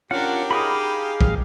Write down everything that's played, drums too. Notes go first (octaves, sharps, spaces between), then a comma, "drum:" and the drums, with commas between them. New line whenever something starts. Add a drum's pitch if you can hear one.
C#4 D4 F4 G4 A#4 F#5
D#4 G#4 F5 B5 D6 D#6
drum: kick